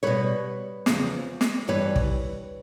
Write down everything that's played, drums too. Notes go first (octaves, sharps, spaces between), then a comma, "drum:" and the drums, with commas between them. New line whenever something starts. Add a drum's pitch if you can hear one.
B2 G3 B4 C#5
E2 C#3 F3, drum: snare
drum: snare
G2 E3 G3 B4 C#5
drum: kick